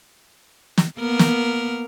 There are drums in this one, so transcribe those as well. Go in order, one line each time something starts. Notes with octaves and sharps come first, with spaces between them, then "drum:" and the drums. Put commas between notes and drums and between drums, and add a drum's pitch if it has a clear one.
drum: snare
A#3 B3 A#4
drum: snare